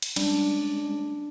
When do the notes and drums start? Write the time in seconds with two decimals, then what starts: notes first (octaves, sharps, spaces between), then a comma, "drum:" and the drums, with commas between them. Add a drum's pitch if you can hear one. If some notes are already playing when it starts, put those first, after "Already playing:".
0.02 drum: hi-hat
0.16 G3 G#3 C#4 D4, drum: cymbal